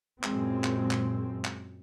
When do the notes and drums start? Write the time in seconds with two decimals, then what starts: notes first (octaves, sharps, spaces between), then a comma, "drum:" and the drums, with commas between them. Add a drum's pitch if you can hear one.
0.24 F#2 A#2 G#3 C4, drum: clap
0.64 drum: clap
0.91 drum: clap
1.45 drum: clap